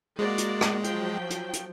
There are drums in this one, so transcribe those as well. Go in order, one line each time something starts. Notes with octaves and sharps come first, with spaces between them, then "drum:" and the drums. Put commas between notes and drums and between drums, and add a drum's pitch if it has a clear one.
G#3 A#3 F#4 D5
drum: hi-hat
drum: rim click
F3 F#3 G5, drum: hi-hat
drum: hi-hat
drum: hi-hat